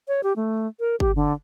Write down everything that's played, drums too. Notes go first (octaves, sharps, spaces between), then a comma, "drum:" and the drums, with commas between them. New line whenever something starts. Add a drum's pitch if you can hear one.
C#5
G4
A3
A#4
G4, drum: kick G1
D3